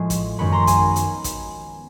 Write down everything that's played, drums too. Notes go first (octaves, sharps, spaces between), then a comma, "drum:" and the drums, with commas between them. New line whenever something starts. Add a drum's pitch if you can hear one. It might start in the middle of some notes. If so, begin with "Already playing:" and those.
Already playing: A2 F3 G#3 C#6
drum: kick A1, hi-hat
F#2 D#3 G#3 B3 B5 C#6
A#5 C6
G#5 A#5, drum: kick A1, hi-hat
drum: hi-hat
drum: kick A1, hi-hat